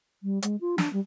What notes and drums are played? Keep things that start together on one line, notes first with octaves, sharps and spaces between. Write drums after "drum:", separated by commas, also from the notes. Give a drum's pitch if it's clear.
G3
G#3, drum: hi-hat
F4
D4, drum: snare
G3